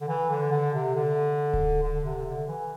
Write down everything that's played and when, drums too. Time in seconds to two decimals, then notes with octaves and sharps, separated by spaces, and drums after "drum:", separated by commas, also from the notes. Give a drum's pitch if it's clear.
0.01 D3
0.08 E3
0.30 D3
0.52 D3
0.74 C3
0.95 D3
1.53 drum: kick D1
1.83 D3
2.05 C3
2.26 D3
2.48 E3